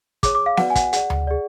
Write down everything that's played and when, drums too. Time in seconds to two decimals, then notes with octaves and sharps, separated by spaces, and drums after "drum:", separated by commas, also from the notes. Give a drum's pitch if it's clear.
0.23 G#4 C#5 D6, drum: kick, hi-hat
0.35 D6
0.46 F5
0.57 F#4 B4 D5 F#5, drum: snare B3
0.70 G#5
0.75 F#5, drum: kick, hi-hat
0.93 G#4 D5 F#5, drum: hi-hat
1.10 drum: tom D2
1.27 G#4 D5